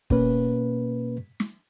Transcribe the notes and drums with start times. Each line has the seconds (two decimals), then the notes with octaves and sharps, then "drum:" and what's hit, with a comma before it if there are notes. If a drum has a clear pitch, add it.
0.10 B2 A#3 C#4 B4, drum: kick
1.40 drum: snare